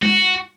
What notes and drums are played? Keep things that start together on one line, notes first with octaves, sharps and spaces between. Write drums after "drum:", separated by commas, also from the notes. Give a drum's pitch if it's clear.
F#4, drum: tom G#3